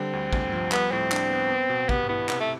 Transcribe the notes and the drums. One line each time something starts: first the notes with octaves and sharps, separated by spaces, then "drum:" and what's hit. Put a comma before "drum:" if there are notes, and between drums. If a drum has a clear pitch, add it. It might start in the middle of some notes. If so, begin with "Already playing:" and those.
Already playing: D3 G3 C4
D2
D2, drum: kick
F3
G3 B3, drum: clap
A2 C4
D4, drum: clap
B3
B3
B2
B3 G4, drum: kick
B3 E4
C3 B3, drum: clap
A3